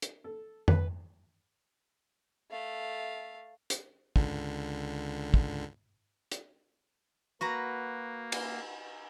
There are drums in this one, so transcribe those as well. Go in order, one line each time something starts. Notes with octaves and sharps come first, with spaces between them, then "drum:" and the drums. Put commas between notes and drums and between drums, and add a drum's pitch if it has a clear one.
drum: hi-hat
A4
B4, drum: tom F2
A3 F5
drum: hi-hat
C#2 D3, drum: kick
drum: kick
drum: hi-hat
A#3 F#4 B4 A#5
drum: cymbal